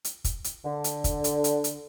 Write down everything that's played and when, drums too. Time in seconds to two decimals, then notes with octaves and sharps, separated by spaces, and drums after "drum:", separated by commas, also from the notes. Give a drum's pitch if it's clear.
0.05 drum: hi-hat
0.24 drum: kick, hi-hat
0.44 drum: hi-hat
0.64 D3
0.84 drum: hi-hat
1.04 drum: kick, hi-hat
1.24 drum: hi-hat
1.44 drum: hi-hat
1.64 drum: hi-hat